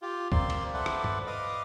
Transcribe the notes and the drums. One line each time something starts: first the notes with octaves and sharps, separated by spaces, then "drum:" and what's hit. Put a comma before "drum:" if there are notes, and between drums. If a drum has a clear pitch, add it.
F4 G4
A#3 C4 D5 C6, drum: kick
drum: cymbal
A4 B4 C5 D5 E5 F#5
drum: rim click
drum: tom
B4 D#5 F5 D6 D#6